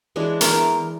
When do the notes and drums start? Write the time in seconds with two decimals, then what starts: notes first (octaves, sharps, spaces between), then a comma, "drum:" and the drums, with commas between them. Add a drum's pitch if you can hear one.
0.16 E3 G#3 D4
0.41 E2 A#4 A#5, drum: hi-hat